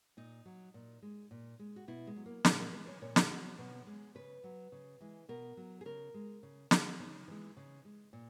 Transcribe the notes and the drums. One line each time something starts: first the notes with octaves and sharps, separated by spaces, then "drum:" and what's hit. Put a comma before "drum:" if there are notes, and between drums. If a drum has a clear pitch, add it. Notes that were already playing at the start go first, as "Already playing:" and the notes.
A#2 D#4
F#3
A#2
G#3
A#2
G#3
F#4
B2 E4
G#3
F#3
A#3
A#2 C#4, drum: snare
A#4
G#3 B4
C#5
A#2 C#5
drum: snare
F#3
B2
G#3
C#3 B4
F#3
C#3
E3 G#3
B2 A#4
F#3
G#4
C#3 A#4
G#3
C#3
F#3, drum: snare
C#3 D#4
E3 G#3
C#3
G#3
A#2